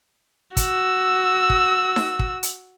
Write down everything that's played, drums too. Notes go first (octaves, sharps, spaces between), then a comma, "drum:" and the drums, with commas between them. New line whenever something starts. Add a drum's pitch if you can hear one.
F#4 E6, drum: kick, hi-hat
drum: kick
drum: snare D#4
drum: kick
drum: hi-hat